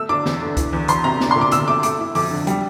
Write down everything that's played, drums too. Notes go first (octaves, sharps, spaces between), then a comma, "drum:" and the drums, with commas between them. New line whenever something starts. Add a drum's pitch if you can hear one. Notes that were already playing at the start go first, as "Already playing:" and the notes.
Already playing: A3 E6
D4 D6
E2, drum: snare
D3
E3, drum: kick, hi-hat
E2
E2 C6, drum: hi-hat
C3 A#5
D4, drum: snare
C6
A#2
D6
A#2 E6, drum: hi-hat
A3 D6
A3 D6, drum: hi-hat
E4
F2 D6, drum: open hi-hat
D3
G3, drum: hi-hat